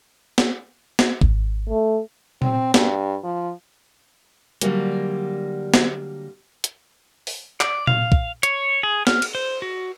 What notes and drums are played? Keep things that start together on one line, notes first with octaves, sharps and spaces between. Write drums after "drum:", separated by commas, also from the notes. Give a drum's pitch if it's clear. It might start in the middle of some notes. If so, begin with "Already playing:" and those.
drum: snare
drum: snare
G#1, drum: kick
A3
C4, drum: tom A#2
G2, drum: snare
F3
D3 F#3 G3 A#3, drum: hi-hat
drum: snare
drum: hi-hat
drum: open hi-hat
D5, drum: clap
F5, drum: tom A#2
drum: kick
C#5, drum: hi-hat
G#4
F6, drum: snare
drum: cymbal
C5
F#4